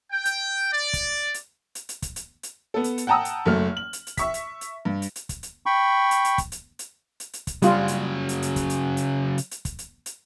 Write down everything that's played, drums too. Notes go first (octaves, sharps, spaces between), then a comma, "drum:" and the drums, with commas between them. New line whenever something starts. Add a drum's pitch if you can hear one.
G5
drum: hi-hat
D5
drum: kick, hi-hat
drum: hi-hat
drum: hi-hat
drum: hi-hat
drum: kick, hi-hat
drum: hi-hat
drum: hi-hat
B3 A4
drum: hi-hat
drum: hi-hat
F#5 G5 A5 A#5 D#6 E6
drum: hi-hat
F#1 F#2 A3 F6
F#7
drum: hi-hat
drum: hi-hat
E5 C#6 B6, drum: kick, hi-hat
drum: hi-hat
drum: hi-hat
G2
drum: hi-hat
drum: hi-hat
drum: kick, hi-hat
drum: hi-hat
G5 B5 C#6
drum: hi-hat
drum: hi-hat
drum: kick, hi-hat
drum: hi-hat
drum: hi-hat
drum: hi-hat
drum: hi-hat
drum: kick, hi-hat
C#3 F#3 G3 F4, drum: hi-hat
drum: hi-hat
drum: hi-hat
drum: hi-hat
drum: kick, hi-hat
drum: hi-hat
drum: hi-hat
drum: hi-hat
drum: hi-hat
drum: kick, hi-hat
drum: hi-hat
drum: hi-hat